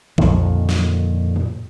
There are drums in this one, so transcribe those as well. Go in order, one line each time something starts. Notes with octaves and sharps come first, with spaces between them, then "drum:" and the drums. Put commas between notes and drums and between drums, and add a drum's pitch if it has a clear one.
F2 A#2 D3 D#3, drum: kick A#1
drum: snare
drum: tom A2